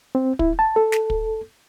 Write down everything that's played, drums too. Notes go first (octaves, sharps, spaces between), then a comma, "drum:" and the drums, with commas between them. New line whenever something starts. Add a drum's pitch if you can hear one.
C4
E4, drum: kick
A5
A4
drum: snare
drum: kick